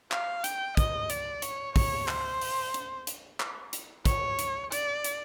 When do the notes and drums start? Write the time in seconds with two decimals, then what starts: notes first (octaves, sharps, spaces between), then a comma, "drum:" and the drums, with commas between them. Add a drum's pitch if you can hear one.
0.12 F5, drum: clap
0.44 G5, drum: hi-hat
0.77 D#5, drum: kick, hi-hat
1.10 D5, drum: hi-hat
1.42 C#5, drum: hi-hat
1.76 C#5, drum: kick, open hi-hat
2.08 C5, drum: clap
2.41 drum: open hi-hat
2.74 drum: hi-hat
3.07 drum: hi-hat
3.40 drum: clap
3.73 drum: hi-hat
4.05 C#5, drum: kick, hi-hat
4.39 drum: hi-hat
4.72 D5, drum: hi-hat
5.04 drum: hi-hat